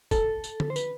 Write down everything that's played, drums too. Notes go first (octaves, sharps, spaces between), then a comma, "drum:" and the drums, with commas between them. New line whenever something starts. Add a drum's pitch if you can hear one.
A4, drum: kick, tambourine
drum: tambourine
drum: tom D3
C5
B4, drum: tambourine